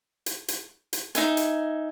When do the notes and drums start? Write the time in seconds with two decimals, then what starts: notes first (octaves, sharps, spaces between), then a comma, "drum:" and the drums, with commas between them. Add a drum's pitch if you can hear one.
0.26 drum: hi-hat
0.48 drum: hi-hat
0.93 drum: hi-hat
1.15 D#4 E5 G#5, drum: hi-hat
1.37 drum: hi-hat